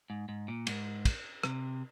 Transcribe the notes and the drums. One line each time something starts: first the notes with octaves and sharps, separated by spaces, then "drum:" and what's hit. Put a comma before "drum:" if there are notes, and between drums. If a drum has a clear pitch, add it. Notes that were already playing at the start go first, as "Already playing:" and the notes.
G#2
G#2
A#2
G#2, drum: cymbal
drum: kick, cymbal
C3, drum: rim click